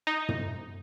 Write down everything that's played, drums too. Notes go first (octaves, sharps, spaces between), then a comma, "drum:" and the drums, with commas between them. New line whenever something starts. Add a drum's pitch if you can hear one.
D#4
drum: tom